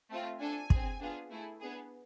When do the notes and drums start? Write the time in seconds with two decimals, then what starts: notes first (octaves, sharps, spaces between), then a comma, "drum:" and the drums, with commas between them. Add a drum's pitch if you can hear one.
0.11 A3 C4 F4
0.41 D4 A4 G#5
0.70 C4 G#4, drum: kick
1.00 B3 D4 F4 G#4
1.31 A3 E4 G#4
1.60 B3 D4 G#4